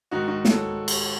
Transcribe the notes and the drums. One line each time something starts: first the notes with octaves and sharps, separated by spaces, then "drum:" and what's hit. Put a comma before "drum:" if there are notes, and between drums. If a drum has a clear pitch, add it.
G#2 D#3 D#4 F#4
D#4 F#4
A4 C#5, drum: snare
drum: cymbal